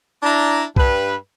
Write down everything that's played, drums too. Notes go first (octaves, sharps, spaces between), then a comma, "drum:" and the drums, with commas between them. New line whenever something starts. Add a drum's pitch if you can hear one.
D4 E4 A#5
G2 B4, drum: kick C2